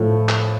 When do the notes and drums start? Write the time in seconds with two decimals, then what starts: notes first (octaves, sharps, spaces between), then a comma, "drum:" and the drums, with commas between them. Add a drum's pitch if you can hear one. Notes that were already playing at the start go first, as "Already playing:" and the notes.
Already playing: A2 F3 A3
0.29 drum: clap